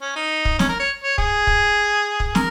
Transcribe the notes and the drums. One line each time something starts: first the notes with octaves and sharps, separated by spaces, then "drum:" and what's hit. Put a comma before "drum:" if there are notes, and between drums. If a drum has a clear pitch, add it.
C#4
D#4
drum: kick
C#4, drum: snare
A#4
C#5
C#5
G#4, drum: kick
drum: kick
drum: kick
A#4, drum: snare